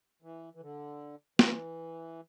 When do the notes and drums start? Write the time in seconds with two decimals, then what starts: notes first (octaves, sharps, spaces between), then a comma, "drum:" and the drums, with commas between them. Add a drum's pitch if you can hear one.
0.22 E3
0.55 E3
0.61 D3
1.39 E3, drum: snare